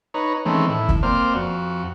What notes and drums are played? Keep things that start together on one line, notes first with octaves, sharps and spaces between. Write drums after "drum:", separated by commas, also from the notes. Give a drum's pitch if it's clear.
D#4 B4 C#5 A#5
D#3 E3 G#3 A3 C4 C#4
A2 E4
drum: kick
A#3 C4 C5 D5 F6
F2 F#4